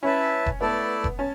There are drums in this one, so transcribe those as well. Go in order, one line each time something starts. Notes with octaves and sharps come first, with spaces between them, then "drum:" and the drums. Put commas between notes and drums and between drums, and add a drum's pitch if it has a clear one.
C#4 E4 B4 E5 A5
drum: kick F1
A3 B3 E4 A4 D5 A5
drum: kick F1
C#4 A5